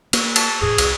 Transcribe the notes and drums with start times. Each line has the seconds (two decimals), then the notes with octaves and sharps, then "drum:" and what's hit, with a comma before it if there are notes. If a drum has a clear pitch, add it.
0.13 A#3, drum: cymbal
0.36 A5, drum: cymbal
0.61 E1 F2 A2 G#4
0.78 C2, drum: cymbal